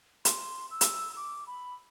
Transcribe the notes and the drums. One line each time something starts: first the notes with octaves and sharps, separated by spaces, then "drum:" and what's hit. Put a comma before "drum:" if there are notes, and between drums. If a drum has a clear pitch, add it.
C6, drum: hi-hat
E6
drum: hi-hat
D6
B5